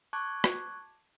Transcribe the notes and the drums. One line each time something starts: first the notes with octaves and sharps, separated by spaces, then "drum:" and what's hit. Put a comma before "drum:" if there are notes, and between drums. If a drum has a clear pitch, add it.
A5 C#6 D6 F#6 G#6
drum: rim click